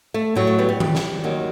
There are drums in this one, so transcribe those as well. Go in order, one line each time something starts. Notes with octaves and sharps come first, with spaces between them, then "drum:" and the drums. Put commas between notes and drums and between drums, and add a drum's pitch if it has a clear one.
A3
A2 F#3 G3
A3
G3 B3
G3
G3, drum: tom D#3
drum: snare
D#2 D#3 F#3